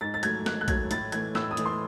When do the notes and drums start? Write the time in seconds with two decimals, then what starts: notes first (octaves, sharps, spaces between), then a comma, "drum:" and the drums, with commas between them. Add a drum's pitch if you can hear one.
0.01 G#2 A6
0.14 A6
0.23 F#3 A3 G#6, drum: hi-hat
0.46 G#2 F#6, drum: snare
0.61 F#6
0.68 F#3 A3 G#6, drum: kick, hi-hat
0.91 A2 A6, drum: hi-hat
1.12 E3 A3 G#6, drum: hi-hat
1.35 A2 E6, drum: snare
1.51 D#6
1.57 E3 A3, drum: hi-hat
1.66 C6